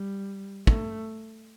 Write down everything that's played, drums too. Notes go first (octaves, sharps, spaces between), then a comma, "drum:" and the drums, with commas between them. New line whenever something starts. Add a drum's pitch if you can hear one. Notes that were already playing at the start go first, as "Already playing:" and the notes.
Already playing: G3
A3, drum: kick